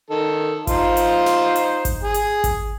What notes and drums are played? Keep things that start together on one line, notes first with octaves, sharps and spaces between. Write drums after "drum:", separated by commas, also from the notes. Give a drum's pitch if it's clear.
D#3 A4
D#4 F4 C5, drum: kick G#1, hi-hat
drum: hi-hat
drum: snare
drum: hi-hat
drum: kick G#1, hi-hat
G#4
drum: hi-hat
drum: kick G#1, hi-hat